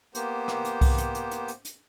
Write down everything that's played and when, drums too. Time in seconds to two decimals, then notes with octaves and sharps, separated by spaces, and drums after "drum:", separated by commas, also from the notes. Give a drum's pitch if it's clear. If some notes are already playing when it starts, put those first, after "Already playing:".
0.15 A#3 B3 G4 C5, drum: hi-hat
0.48 drum: rim click
0.65 drum: hi-hat
0.81 drum: kick C2, open hi-hat
0.98 drum: hi-hat
1.15 drum: hi-hat
1.31 drum: hi-hat
1.48 drum: hi-hat
1.65 drum: hi-hat